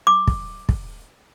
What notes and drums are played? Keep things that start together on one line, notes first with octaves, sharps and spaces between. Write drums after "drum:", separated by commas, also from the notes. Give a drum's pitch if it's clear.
D6
drum: kick
drum: kick